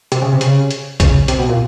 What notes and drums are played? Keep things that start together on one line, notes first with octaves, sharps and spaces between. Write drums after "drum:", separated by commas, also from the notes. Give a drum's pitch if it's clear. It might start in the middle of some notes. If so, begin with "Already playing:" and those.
C3, drum: hi-hat
C#3
C3
C#3, drum: hi-hat
drum: hi-hat
C#3, drum: kick, hi-hat
C3, drum: hi-hat
B2
A#2